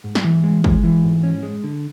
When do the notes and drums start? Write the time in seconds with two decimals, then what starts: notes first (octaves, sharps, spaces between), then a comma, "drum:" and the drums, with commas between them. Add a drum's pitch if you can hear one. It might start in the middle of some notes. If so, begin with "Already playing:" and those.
0.04 G#2
0.15 drum: snare
0.24 E3
0.44 G#3
0.64 G#3, drum: kick
0.83 E3
1.04 G#2
1.23 C#4
1.43 G#3
1.64 D3